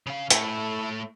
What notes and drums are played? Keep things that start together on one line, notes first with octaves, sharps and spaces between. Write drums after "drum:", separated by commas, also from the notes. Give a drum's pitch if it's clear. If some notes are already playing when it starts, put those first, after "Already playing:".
C#3 F5
A2 A3 E4 A4, drum: hi-hat